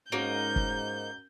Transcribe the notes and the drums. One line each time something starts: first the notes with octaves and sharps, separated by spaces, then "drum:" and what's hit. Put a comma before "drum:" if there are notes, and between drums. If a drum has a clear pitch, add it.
G#2 A#3 C#4 D#4 F#4 A#4 G6
drum: kick